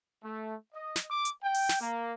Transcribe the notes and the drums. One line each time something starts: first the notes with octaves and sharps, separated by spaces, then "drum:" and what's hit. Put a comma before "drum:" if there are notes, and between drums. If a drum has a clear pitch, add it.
A3
D#5
drum: snare
D6
drum: hi-hat
G5
drum: open hi-hat
drum: snare
A#3